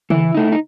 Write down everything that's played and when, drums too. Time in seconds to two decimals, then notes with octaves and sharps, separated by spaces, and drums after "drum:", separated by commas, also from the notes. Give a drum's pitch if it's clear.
0.10 E3 E4, drum: tom C#3
0.35 A3 D#4
0.52 D#4